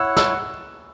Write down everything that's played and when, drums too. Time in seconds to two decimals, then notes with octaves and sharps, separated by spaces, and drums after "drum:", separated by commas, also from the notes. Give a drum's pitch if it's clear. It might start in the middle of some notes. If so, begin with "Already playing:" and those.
Already playing: E4 C#5 F#5 E6
0.17 E6, drum: snare